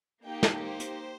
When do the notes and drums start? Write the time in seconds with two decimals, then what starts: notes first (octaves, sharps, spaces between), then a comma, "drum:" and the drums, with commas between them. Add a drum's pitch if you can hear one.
0.24 A#3 D#4 G4 G5
0.43 drum: snare
0.61 C5
0.80 drum: hi-hat